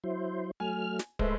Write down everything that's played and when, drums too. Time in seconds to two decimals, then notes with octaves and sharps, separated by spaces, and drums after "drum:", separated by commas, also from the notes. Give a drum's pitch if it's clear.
0.04 F#3 E4 C5
0.60 F#3 A3 G#5 F6
0.99 drum: snare
1.19 G#3 A3 B4 C5 E5, drum: kick